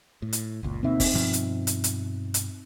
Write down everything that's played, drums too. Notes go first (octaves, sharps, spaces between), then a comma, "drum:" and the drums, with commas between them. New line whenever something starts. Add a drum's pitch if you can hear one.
A2
drum: hi-hat
F#1 C#2 A#2
D2 B2 A#3 C4 D#4 E5
drum: kick, open hi-hat
G2 B2 F3
drum: hi-hat
drum: hi-hat
drum: hi-hat
drum: hi-hat